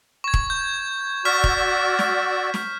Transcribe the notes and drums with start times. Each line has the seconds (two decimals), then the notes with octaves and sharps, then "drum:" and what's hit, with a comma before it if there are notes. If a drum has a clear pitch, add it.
0.24 C#6 G#6
0.34 drum: kick D#1
0.50 G6
1.25 F#4 D5 C#6 E6 F6 B6
1.44 drum: kick D#1
1.99 drum: snare
2.54 drum: snare